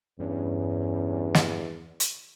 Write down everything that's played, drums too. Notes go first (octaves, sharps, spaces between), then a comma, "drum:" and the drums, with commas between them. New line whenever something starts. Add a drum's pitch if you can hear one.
E2 G2 C#4
drum: snare
drum: hi-hat